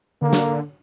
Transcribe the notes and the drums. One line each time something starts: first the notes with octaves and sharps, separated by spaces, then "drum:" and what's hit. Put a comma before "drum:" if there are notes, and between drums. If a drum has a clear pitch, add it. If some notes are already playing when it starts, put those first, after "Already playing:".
D3 A#3
drum: snare